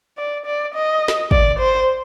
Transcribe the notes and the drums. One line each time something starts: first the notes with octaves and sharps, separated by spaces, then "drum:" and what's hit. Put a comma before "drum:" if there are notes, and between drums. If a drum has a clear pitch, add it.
D5
D5
D#5
drum: snare
D5, drum: kick
C5